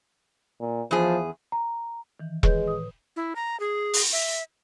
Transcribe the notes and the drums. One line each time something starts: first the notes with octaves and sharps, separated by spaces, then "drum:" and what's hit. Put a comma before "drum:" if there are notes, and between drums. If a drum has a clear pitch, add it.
A#2
E2 F3 G#4
A#5
D#3 E3
G#3 B4 C#5 G6, drum: kick E1
A2 D#6
E4
A#5
G#4
drum: open hi-hat
E5